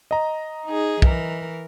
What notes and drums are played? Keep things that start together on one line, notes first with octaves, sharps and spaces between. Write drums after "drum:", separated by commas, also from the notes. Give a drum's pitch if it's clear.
D#5 A#5
D#4 G#4
E3 A#4, drum: kick